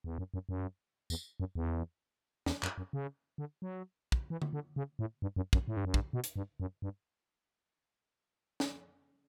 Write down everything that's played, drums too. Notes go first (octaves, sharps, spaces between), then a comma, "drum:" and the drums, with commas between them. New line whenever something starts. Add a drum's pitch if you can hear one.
E2
F#2
F#2
F#2
E2, drum: tambourine
F#2
E2
E2, drum: snare
F#2, drum: clap
F#2
C#3
D3
F#3
drum: kick
E3
drum: tom D3
D3
C#3
A2
G2
F#2
F#2, drum: kick
A2
G2
F#2
G2, drum: kick
B2
drum: hi-hat
G2
F#2
G2
drum: snare